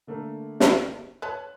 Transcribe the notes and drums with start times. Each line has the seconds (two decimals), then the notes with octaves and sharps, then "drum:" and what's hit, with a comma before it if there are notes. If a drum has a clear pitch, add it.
0.07 D3 A3 A#3
0.60 drum: snare
1.22 B4 C#5 A5 F#6